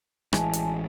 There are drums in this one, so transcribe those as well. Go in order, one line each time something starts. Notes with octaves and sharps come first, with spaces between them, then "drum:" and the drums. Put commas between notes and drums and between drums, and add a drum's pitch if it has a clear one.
A1 E3 G#3 G#5 A5, drum: rim click
drum: hi-hat